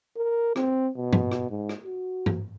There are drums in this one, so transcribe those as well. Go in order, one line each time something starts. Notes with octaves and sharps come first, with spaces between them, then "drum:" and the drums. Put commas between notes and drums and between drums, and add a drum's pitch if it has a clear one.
A#4
C4, drum: rim click
B2
drum: tom G2
drum: rim click
G#2
drum: rim click
F#4
drum: tom G2